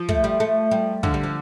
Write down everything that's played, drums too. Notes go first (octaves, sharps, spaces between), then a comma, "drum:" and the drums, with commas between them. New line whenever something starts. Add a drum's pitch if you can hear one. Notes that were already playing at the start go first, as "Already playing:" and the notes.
Already playing: F3
A3, drum: kick
G3
A3
G3
D3 F3, drum: kick
G3
F3